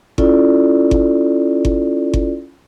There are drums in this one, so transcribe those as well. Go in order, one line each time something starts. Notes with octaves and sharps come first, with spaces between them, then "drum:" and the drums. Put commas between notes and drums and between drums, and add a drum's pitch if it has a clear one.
C#4 E4 F4 A4 D5, drum: kick G1
drum: kick G1
drum: kick G1
drum: kick G1